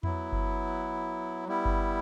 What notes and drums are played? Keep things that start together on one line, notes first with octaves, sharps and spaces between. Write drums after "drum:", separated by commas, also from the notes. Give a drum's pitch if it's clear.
F#3 B3 E4, drum: tom F2
drum: kick G1
G3 B3 E4
drum: kick G1